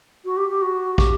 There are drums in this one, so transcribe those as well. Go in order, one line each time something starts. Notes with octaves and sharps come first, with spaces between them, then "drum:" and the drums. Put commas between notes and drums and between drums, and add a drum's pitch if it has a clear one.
F#4
G4
G4
F#4
G4, drum: kick